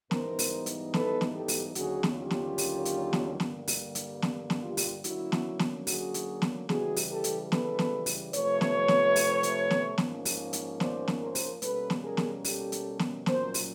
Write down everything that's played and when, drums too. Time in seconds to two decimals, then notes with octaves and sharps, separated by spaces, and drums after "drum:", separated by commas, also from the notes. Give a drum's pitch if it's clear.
0.11 G#2 E3 G3 B3 D#4 A#4 C5, drum: snare
0.39 drum: open hi-hat
0.66 drum: hi-hat
0.94 A4 B4, drum: snare
1.21 drum: snare
1.34 G4 A4
1.48 drum: open hi-hat
1.75 D#2 D3 F#3 A#3 C#4 F#4 G#4, drum: hi-hat
2.03 drum: snare
2.17 F4 G4
2.31 drum: snare
2.58 drum: open hi-hat
2.85 drum: hi-hat
3.13 drum: snare
3.40 G2 D3 G3 A#3, drum: snare
3.68 drum: open hi-hat
3.95 drum: hi-hat
4.22 drum: snare
4.50 drum: snare
4.63 F4 G4
4.77 drum: open hi-hat
5.04 D3 F#3 A#3 C#4 E4 F#4, drum: hi-hat
5.32 drum: snare
5.59 drum: snare
5.87 F#4 G#4, drum: open hi-hat
6.14 drum: hi-hat
6.42 drum: snare
6.69 C#3 E3 G3 F#4 G#4, drum: snare
6.96 drum: open hi-hat
7.10 G4 A4
7.24 drum: hi-hat
7.52 A4 B4, drum: snare
7.79 drum: snare
8.06 drum: open hi-hat
8.33 C3 F3 A3 B4 C#5, drum: hi-hat
8.61 drum: snare
8.88 drum: snare
9.16 drum: open hi-hat
9.43 drum: hi-hat
9.71 drum: snare
9.98 G#2 F3 A#3 C#4, drum: snare
10.25 drum: open hi-hat
10.53 drum: hi-hat
10.80 C5 D5, drum: snare
11.08 drum: snare
11.21 A#4 C5
11.35 drum: open hi-hat
11.62 B2 G3 A#3 C#4 A4 B4, drum: hi-hat
11.90 drum: snare
12.03 G#4 A#4
12.17 drum: snare
12.44 G4 A4, drum: open hi-hat
12.72 drum: hi-hat
12.99 drum: snare
13.26 A#2 F#3 A#3 C#4 A#4 C5, drum: snare
13.54 drum: open hi-hat